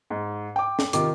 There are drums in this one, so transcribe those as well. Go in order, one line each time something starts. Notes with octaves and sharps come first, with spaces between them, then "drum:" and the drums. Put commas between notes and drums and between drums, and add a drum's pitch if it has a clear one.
G#2
G5 D6
drum: snare
C3 D#3 F4 D6, drum: hi-hat